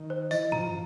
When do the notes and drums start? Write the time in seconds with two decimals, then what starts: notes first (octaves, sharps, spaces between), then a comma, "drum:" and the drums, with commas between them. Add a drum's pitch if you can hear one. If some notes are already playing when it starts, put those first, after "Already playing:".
Already playing: D#3
0.10 C5
0.31 E3 D#5, drum: tambourine
0.52 F3 A#5, drum: tom F#2